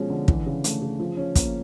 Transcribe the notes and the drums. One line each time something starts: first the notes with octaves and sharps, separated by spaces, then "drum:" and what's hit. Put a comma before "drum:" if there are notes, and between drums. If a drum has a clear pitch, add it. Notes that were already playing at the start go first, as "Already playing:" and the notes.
Already playing: B2 F3 G#3 C#4
D3
E3, drum: kick
C#3
A3, drum: hi-hat
C#3
F3
C#4
A#3, drum: kick, hi-hat